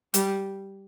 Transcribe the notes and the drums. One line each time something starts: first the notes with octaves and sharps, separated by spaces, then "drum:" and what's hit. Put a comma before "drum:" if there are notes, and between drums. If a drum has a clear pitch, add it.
G3, drum: hi-hat